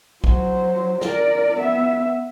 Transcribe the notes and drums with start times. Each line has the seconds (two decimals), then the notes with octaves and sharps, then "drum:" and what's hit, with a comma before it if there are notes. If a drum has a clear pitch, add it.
0.24 F#3 C5, drum: kick B1
1.01 A#4 D5, drum: snare
1.57 B3 E5